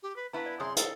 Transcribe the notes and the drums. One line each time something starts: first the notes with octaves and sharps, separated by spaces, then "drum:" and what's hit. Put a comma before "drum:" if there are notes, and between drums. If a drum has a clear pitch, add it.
G4
B4
B3 E4 B4 F5 A5 A#5
D5
F#2 C3 G#4 C#5 C6 D#6
E4 A4 F5, drum: hi-hat